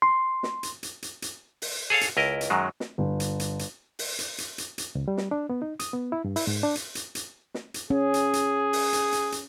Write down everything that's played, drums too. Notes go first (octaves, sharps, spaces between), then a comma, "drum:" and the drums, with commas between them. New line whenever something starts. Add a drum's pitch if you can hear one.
C6
drum: snare
drum: hi-hat
drum: hi-hat
drum: hi-hat
drum: hi-hat
drum: open hi-hat
G#4 A4 C#5 F5
drum: hi-hat
C#2 E4 A#4 D#5
drum: hi-hat
F#2 D#3 F#3 G#3
drum: snare
G1
drum: hi-hat
drum: hi-hat
drum: hi-hat
drum: open hi-hat
drum: hi-hat
drum: hi-hat
drum: hi-hat
drum: hi-hat
C#2
G3
drum: snare
D4
B3
D#4
D#6, drum: hi-hat
B3
E4
G2
E4, drum: open hi-hat
G#2
D4
drum: hi-hat
drum: hi-hat
drum: hi-hat
drum: snare
drum: hi-hat
C#4 G#4
drum: hi-hat
drum: hi-hat
drum: open hi-hat
drum: hi-hat
drum: hi-hat
drum: hi-hat